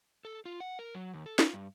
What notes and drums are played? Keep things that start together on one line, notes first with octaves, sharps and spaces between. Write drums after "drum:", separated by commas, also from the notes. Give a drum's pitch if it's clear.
A4
F4
F#5
A#4
F#3
D#2
A4
F4, drum: snare
G2